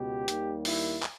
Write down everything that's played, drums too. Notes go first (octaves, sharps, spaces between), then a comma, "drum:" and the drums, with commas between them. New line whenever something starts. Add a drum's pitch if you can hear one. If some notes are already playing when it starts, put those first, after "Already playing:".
Already playing: C#2 B2 B3 G4
D#2 D#3 G3 A#3, drum: hi-hat
E4, drum: open hi-hat
drum: clap